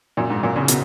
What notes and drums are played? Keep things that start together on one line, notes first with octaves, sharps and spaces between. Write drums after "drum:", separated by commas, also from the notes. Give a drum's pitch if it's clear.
F#2 A#2
G#2
F#2 A#2
A#2 C#3
B2, drum: hi-hat